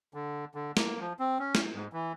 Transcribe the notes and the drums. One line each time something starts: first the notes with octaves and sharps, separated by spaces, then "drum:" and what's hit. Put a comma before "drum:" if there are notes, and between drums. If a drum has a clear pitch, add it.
D3
D3
A#3, drum: snare
F3
C4
C#4
drum: snare
G#2
E3